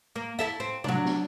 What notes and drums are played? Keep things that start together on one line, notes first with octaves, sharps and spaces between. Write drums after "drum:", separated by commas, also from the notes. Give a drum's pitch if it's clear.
A#3
E4 A4 E5
C4
F#3 D4, drum: tom B2
drum: snare